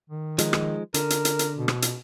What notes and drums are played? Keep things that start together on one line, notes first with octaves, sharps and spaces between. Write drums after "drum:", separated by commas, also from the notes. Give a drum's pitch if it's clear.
D#3
F3 G#3 D#4, drum: hi-hat
drum: rim click
D3 A#4, drum: hi-hat
drum: hi-hat
drum: hi-hat
drum: hi-hat
B2
drum: rim click
drum: hi-hat